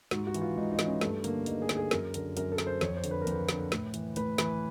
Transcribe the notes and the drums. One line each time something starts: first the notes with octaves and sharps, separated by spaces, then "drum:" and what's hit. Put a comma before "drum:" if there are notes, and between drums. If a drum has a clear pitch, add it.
G#2 F#4, drum: snare
F#4
E3, drum: hi-hat
F4
G#2 D#4
D#4
E3, drum: snare
C#4
G2 A3, drum: snare
D3 A#3, drum: hi-hat
G2 D#4, drum: hi-hat
G#4
D3, drum: snare
G#4
F#2 A#4, drum: snare
D3 A#4, drum: hi-hat
F#2 A#4, drum: hi-hat
A4
D3, drum: snare
C5
F2 C#5, drum: snare
C5
D3, drum: hi-hat
B4
A#4
F2 B4, drum: hi-hat
D3, drum: snare
A2, drum: snare
E3, drum: hi-hat
A2 B4, drum: hi-hat
E3 B4, drum: snare